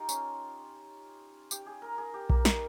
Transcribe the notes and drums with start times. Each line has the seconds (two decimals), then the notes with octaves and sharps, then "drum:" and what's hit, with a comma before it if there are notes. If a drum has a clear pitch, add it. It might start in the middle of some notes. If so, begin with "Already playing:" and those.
Already playing: D#4 F4 G4
0.09 C#4, drum: tambourine
1.51 G4, drum: tambourine
1.66 G#4
1.82 A#4
1.98 G#4
2.14 G4
2.30 A#3, drum: kick B1
2.45 D#4, drum: snare